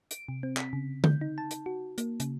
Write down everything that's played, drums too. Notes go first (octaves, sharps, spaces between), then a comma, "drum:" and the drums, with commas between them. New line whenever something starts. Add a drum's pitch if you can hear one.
D7, drum: hi-hat
C3
C4
B6, drum: clap
C#3
G6, drum: tom D3
D#4
A5
drum: hi-hat
F#4
A#3, drum: hi-hat
C#3, drum: hi-hat